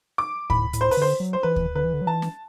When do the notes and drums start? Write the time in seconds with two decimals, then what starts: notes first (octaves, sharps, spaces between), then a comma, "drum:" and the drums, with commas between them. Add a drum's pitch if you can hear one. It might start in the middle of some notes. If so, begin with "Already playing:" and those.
0.18 D6
0.50 A2 B5, drum: kick D2
0.73 A2, drum: hi-hat
0.81 C5
0.91 B4, drum: open hi-hat
0.97 D3 C5
1.20 F#3
1.33 C5
1.43 E3 B4
1.56 drum: kick D2
1.75 D3 B4
1.84 E3
1.93 D3
2.01 F#3
2.07 E3 A5
2.22 drum: snare